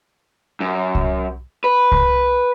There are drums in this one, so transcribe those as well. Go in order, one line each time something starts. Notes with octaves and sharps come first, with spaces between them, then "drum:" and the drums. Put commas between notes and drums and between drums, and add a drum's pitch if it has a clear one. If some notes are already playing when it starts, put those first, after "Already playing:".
F#2
drum: kick C2
B4
drum: kick C2